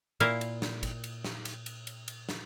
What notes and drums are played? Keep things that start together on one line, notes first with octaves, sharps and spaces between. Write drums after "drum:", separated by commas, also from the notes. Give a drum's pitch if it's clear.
A#2 A#3 E4 A#4 F5, drum: cymbal
drum: cymbal
drum: snare
drum: kick, cymbal
drum: cymbal
drum: snare
drum: cymbal
drum: cymbal
drum: cymbal
drum: cymbal
drum: snare